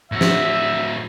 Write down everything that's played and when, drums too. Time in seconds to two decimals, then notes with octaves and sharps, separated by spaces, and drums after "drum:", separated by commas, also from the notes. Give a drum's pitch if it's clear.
0.12 A2 F#4 E5
0.21 drum: snare